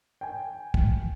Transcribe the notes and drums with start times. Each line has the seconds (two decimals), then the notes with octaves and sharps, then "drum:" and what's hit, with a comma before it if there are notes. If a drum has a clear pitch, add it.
0.21 G5 G#5
0.74 drum: kick